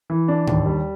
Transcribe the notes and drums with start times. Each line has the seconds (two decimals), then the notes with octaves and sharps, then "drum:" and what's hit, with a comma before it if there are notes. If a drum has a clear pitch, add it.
0.10 E3
0.28 D4
0.47 D#2, drum: tom G#2
0.66 G3